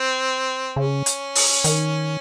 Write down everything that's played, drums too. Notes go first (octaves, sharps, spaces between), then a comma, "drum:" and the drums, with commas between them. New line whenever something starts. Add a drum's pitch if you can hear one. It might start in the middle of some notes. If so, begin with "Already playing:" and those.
Already playing: C4
C#3 C#4
drum: hi-hat
drum: open hi-hat
D#3, drum: hi-hat